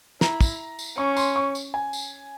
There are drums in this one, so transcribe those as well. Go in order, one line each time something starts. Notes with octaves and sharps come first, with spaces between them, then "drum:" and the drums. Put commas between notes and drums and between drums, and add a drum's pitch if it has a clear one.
E4 A#5, drum: snare
drum: kick, tambourine
drum: tambourine
C#4 C#6
C6, drum: tambourine
C#6
drum: tambourine
G#5
drum: tambourine